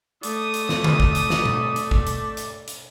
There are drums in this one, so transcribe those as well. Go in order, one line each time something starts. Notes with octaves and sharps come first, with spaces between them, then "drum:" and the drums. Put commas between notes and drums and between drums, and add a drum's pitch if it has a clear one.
A3 D5 D#6, drum: hi-hat
drum: hi-hat
drum: snare
drum: tom D3
drum: kick G#1
drum: hi-hat
drum: snare
drum: tom A#2
drum: hi-hat
drum: kick G#1
drum: hi-hat
drum: hi-hat
drum: hi-hat